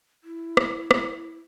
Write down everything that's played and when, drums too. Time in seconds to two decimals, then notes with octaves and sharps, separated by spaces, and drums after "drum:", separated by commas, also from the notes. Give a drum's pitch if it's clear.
0.24 E4
0.57 drum: rim click
0.91 drum: rim click